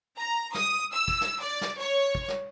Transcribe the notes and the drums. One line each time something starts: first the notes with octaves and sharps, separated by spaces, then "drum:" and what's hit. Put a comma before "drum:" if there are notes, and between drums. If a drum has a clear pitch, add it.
A#5
D#6, drum: snare
E6
drum: kick, cymbal
drum: snare
D5
drum: snare
C#5
drum: kick
drum: snare